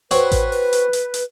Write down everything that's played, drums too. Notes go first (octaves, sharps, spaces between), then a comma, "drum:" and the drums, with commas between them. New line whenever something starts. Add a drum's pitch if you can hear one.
C4 F#4 B4 C#5, drum: hi-hat
drum: kick A1, hi-hat
drum: open hi-hat
drum: hi-hat
drum: hi-hat
drum: hi-hat